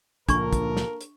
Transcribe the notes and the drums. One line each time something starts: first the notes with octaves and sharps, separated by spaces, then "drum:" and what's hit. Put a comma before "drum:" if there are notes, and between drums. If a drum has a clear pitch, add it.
C#2 A#2 F3 A#3 D4 A4 A#4 C#6, drum: kick, hi-hat
drum: kick, hi-hat
drum: snare
drum: hi-hat